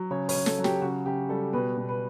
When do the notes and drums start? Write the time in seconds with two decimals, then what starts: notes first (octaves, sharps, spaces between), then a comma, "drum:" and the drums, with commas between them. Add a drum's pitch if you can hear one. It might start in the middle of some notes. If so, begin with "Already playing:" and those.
Already playing: F#3
0.11 C#3 C#5
0.29 C#5, drum: open hi-hat
0.35 C#3
0.46 A4, drum: snare
0.59 F#3
0.64 G4, drum: snare
0.81 C#3 F#4
1.06 C#3 G4
1.29 G3 A4
1.53 B2 B4
1.77 B2
1.89 B4